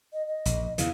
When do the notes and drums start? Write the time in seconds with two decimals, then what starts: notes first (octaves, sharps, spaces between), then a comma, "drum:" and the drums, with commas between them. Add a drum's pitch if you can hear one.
0.13 D#5
0.27 D#5
0.45 A#1, drum: hi-hat
0.78 E2 C#3 E3 F5, drum: hi-hat